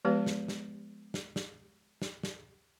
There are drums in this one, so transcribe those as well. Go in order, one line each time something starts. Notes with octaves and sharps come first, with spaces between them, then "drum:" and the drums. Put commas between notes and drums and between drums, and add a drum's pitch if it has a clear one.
F3 G#3 B3 G4 B4
drum: snare
drum: snare
drum: snare
drum: snare
drum: snare
drum: snare